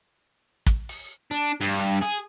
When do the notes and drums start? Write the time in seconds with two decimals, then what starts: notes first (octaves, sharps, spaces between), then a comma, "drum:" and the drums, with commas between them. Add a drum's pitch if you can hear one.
0.66 drum: kick, hi-hat
0.89 drum: open hi-hat
1.31 D4
1.61 G2
1.79 drum: hi-hat
2.02 G#4, drum: hi-hat